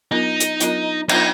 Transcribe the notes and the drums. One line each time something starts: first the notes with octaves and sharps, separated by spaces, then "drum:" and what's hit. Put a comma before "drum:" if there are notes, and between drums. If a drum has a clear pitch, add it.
F#3 B3 D4 D#4 F4 A#4
drum: hi-hat
F#3 B3 D4 F4 A#4, drum: hi-hat
F#3 B3 D4 D#4 F4 A#4, drum: cymbal